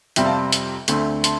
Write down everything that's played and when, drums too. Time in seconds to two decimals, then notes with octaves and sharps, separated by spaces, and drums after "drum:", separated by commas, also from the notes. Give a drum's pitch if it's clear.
0.16 F2 C3 G3 C4 E5 G5, drum: hi-hat
0.26 F5 A5
0.52 drum: hi-hat
0.88 D2 D3 A3 C4, drum: hi-hat
1.24 A5 C6, drum: hi-hat